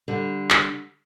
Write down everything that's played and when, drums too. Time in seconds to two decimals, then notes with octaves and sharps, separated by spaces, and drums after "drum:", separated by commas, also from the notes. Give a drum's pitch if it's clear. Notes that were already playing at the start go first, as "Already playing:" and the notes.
0.08 D3 G3
0.50 drum: clap